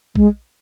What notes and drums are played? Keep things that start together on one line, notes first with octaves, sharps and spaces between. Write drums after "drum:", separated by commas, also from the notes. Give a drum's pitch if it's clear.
G#3, drum: kick A#1